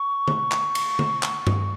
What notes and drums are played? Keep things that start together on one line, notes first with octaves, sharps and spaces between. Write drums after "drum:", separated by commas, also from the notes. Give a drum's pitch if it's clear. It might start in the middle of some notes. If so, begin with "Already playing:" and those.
Already playing: C#6
drum: tom D3
drum: clap
drum: cymbal
drum: tom D3
drum: clap
drum: tom G2